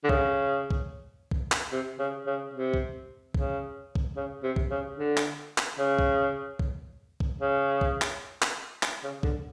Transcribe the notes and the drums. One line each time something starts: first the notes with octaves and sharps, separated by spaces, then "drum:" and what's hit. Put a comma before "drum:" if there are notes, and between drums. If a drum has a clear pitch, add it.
D3
C#3, drum: kick
drum: kick
drum: kick
drum: clap
C3
C#3
C#3
C3
drum: kick
C#3, drum: kick
drum: kick
C#3
C3
drum: kick
C#3
D3
drum: clap
drum: clap
C#3
drum: kick
drum: kick
drum: kick
C#3
drum: kick
drum: clap
drum: clap
drum: clap
C#3
D3, drum: kick